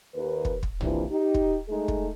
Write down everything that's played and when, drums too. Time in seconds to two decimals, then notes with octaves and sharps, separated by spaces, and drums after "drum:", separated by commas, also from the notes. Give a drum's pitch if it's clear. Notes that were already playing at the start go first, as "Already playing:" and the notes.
0.14 D#2 A#4 B4
0.45 drum: kick
0.63 drum: kick
0.81 C3 E3 F3 A#3 D4 E4, drum: tom
1.09 D#4 G4
1.34 drum: kick
1.68 G#3 A3 D#4 G#4
1.88 drum: kick